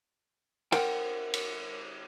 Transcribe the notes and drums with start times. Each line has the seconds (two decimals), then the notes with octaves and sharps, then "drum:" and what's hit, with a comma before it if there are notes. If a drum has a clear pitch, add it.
0.72 A#4 C5 F#5 G5, drum: cymbal
1.34 drum: cymbal